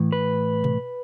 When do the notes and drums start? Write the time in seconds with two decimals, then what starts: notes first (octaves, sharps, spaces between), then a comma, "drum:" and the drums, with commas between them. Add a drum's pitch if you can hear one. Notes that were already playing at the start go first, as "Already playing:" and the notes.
Already playing: A2 E3
0.12 B4
0.64 drum: tom B2